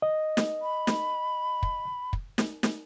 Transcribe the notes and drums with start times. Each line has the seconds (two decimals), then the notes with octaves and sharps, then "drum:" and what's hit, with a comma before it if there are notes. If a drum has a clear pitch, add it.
0.02 D#5
0.37 drum: snare
0.62 B5
0.87 drum: snare
1.63 drum: kick
2.13 drum: kick
2.38 drum: snare
2.63 drum: snare